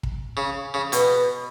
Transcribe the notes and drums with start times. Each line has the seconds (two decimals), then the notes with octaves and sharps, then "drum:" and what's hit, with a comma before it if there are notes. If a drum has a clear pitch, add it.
0.03 drum: kick
0.37 C#3
0.74 C#3
0.92 B2, drum: hi-hat